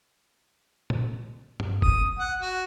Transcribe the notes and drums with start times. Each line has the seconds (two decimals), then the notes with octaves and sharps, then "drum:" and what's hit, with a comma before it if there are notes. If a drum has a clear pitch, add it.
0.90 drum: tom A#2
1.60 drum: tom G2
1.82 D#6, drum: kick F1
2.19 F#5
2.41 F#4